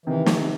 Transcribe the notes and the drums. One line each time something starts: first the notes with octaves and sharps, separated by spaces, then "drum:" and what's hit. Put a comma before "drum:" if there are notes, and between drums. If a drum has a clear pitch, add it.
C3 D#3 E3
drum: snare